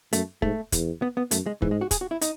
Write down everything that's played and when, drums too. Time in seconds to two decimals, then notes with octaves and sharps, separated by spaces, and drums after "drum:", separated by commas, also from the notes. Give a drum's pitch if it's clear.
0.13 F#2 A3, drum: hi-hat
0.42 G#2 A3, drum: kick
0.72 E2, drum: kick, hi-hat
1.02 B3
1.17 B3
1.31 F#2 A3, drum: hi-hat
1.46 G#3
1.62 G#2 E3, drum: kick
1.71 G#3
1.81 F#4
1.91 G#4, drum: kick, hi-hat
2.01 F#4
2.11 E4
2.21 D#4, drum: hi-hat